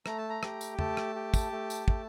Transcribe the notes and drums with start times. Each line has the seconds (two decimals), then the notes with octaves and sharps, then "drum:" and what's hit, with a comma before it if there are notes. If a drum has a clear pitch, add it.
0.06 A3 A#5, drum: rim click
0.18 A5
0.30 A#5
0.43 G4, drum: rim click
0.61 drum: tambourine
0.79 A3 A5, drum: tom E2
0.97 drum: rim click
1.15 G4
1.34 drum: kick, tambourine
1.52 A3
1.70 drum: tambourine
1.88 A3, drum: kick